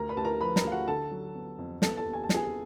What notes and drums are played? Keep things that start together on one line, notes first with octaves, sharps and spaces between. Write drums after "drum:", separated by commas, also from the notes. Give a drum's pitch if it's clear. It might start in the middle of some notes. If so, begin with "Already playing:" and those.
Already playing: D2 A#4 A#5
B4 B5
D2 A5
A#4 A#5
F3 B4 B5
A#4 A#5, drum: snare
D2 F5
F#4 F#5
D3 A4 A5
F#3
B3
F2
B3 A4 A5, drum: snare
A4 A5
D#2
G#5
A5
B3, drum: snare
G#4 G#5